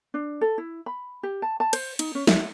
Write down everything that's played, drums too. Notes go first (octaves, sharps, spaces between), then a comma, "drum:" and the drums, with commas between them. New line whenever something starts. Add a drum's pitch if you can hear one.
D4
A4
E4
B5
G4
A5
A5
C5, drum: cymbal
D#4, drum: cymbal
C#4
E5, drum: snare